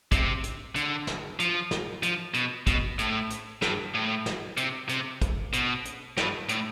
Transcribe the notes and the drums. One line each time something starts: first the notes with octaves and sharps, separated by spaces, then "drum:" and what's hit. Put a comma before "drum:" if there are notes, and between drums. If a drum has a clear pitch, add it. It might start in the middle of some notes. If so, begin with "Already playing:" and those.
C3, drum: kick, hi-hat
drum: hi-hat
D3, drum: hi-hat
drum: snare
F3, drum: hi-hat
drum: snare
F3, drum: hi-hat
B2, drum: hi-hat
B2, drum: kick, hi-hat
A2, drum: hi-hat
drum: hi-hat
G2, drum: snare
A2
drum: snare
C3, drum: hi-hat
C3, drum: hi-hat
drum: kick, hi-hat
B2, drum: hi-hat
drum: hi-hat
G2, drum: snare
A2, drum: hi-hat